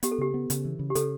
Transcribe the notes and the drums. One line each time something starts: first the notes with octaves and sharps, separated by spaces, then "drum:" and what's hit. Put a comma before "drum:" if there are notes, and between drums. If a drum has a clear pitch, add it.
B3 G4, drum: hi-hat
A4
C#3 G4
B3
C#3, drum: hi-hat
E3
C#3
G4
C#3 A4, drum: hi-hat